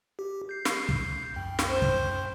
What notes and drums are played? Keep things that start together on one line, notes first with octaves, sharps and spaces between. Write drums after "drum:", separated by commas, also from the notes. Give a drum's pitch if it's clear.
G4
G6 C7
drum: snare
drum: kick
C2 F#2 G5
drum: snare
C5
drum: kick